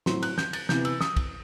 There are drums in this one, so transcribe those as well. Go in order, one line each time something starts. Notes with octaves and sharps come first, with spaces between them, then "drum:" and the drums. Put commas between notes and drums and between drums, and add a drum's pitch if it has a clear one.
A2 F#3 C4 C6, drum: snare
F#6, drum: cymbal
G6, drum: snare
A6, drum: cymbal
C3 E3 B3 G6, drum: snare
E6, drum: cymbal
D#6, drum: snare
drum: kick, cymbal